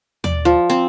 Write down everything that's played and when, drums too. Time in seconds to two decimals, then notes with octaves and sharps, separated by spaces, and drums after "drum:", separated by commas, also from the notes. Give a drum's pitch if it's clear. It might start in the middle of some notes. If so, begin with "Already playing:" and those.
0.24 D5, drum: tom D#2
0.45 F3
0.70 C4